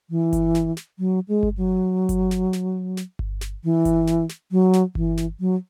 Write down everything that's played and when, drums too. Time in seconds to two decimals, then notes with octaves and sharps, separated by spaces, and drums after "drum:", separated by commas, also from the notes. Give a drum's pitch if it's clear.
0.10 E3
0.33 drum: kick G1, hi-hat
0.55 drum: snare
0.77 drum: snare
0.99 F#3
1.28 G#3
1.43 drum: kick G1
1.57 F#3
2.09 drum: kick G1, hi-hat
2.31 drum: snare
2.53 drum: snare
2.97 drum: snare
3.19 drum: kick G1
3.41 drum: snare
3.64 E3
3.85 drum: kick G1, hi-hat
4.07 drum: snare
4.29 drum: snare
4.52 F#3
4.73 drum: snare
4.95 E3, drum: kick G1
5.17 drum: snare
5.40 F#3